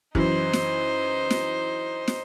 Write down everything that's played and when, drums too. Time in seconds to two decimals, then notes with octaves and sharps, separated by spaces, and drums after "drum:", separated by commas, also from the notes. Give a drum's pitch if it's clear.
0.15 F#2 E3 F#3 D#4 C5, drum: kick
0.53 drum: snare
1.30 drum: snare
2.08 drum: snare